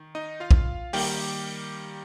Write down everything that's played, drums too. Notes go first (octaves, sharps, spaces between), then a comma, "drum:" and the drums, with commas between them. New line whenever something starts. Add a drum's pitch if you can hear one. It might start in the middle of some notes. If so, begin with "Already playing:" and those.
Already playing: D#3
D#4 D#5
F4 F5
drum: kick
D#3 G3 A#3 G4 G5, drum: open hi-hat